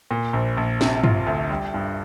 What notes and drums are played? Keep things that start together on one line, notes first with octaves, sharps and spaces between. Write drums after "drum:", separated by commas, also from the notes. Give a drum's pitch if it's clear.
A#2
A#1
A#1
C3, drum: snare
F4, drum: tom G2
D2
G3
G2